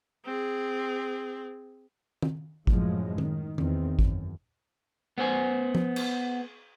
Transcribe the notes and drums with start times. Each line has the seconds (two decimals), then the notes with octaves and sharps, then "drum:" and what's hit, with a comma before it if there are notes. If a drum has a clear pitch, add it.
0.25 C4 G#4
2.22 drum: tom D#3
2.67 F#2 A2 F3 G#3, drum: kick G#1
3.18 D#3, drum: tom D#3
3.58 E2 D#3 C4, drum: tom D#3
3.99 F#2, drum: kick G#1
5.18 B3 C5 G#5
5.75 drum: tom F3
5.96 drum: cymbal